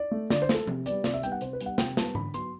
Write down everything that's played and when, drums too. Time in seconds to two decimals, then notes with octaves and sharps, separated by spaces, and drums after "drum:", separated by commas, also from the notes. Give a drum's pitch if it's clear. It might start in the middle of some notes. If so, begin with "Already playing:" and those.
Already playing: D5
0.11 A3
0.30 D3 D5, drum: snare
0.42 C5
0.49 A3, drum: snare
0.54 A4
0.67 C3, drum: tom F3
0.86 G3 B3 D5, drum: hi-hat
1.04 C3 D5, drum: snare
1.14 E5
1.23 G3 B3 G5, drum: hi-hat
1.32 F#5
1.41 C3 C5, drum: hi-hat
1.53 B4
1.60 G3 B3, drum: hi-hat
1.66 F#5
1.78 C3 G5, drum: snare
1.97 G3 B3 A5, drum: snare
2.15 D3 B5, drum: tom G#2
2.34 F#3 B3 C6, drum: hi-hat